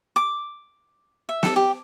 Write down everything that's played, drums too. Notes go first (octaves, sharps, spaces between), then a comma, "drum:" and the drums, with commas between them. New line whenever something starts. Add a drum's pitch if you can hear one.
D6
E5
A4, drum: snare
G4